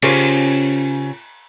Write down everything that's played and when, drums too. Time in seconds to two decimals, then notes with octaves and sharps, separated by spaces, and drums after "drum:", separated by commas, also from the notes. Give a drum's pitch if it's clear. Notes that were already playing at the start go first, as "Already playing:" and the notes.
0.02 C#3 C#4 F4 G4 A#4 C5, drum: cymbal